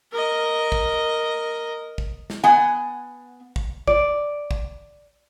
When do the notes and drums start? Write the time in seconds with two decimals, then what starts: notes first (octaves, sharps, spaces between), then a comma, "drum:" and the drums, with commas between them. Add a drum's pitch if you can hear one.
0.12 A#4 D#5
0.72 drum: kick
1.98 drum: kick
2.30 drum: snare
2.44 B3 F#5 G#5
3.56 drum: kick
3.87 D5, drum: kick
4.51 drum: kick